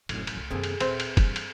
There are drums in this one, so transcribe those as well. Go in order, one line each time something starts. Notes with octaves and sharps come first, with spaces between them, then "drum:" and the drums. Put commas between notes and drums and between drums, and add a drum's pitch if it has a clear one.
E1 F#2 A2 C3, drum: cymbal
drum: cymbal
C2 A3
F#2 C3 D#3 A#3 C4 G#4 A4
drum: cymbal
D#1 C4 B4 E5, drum: cymbal
drum: cymbal
G2 E3, drum: kick, cymbal
drum: cymbal